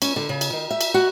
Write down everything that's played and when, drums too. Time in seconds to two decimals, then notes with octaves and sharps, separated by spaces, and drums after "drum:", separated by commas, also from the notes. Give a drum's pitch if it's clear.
0.02 C#4, drum: cymbal
0.16 D3
0.29 C#3
0.41 drum: cymbal
0.53 D#3
0.70 E5
0.81 drum: cymbal
0.94 F#4